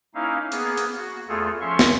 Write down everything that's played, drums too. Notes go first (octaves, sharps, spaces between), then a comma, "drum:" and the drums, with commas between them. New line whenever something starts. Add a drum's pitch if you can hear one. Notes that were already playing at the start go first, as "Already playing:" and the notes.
A#3 C#4 D#4 E4 F5
A#3 B3 G#4, drum: hi-hat
drum: hi-hat
F#4
E2 A3 F4 G#4 A4
F3 C#4 C#5 E5 C6 C#6
drum: snare